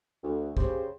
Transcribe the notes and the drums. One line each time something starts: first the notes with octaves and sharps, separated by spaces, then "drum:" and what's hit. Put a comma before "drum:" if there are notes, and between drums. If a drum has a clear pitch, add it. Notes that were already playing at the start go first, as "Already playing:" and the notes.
D2
C#3 G4 C5, drum: kick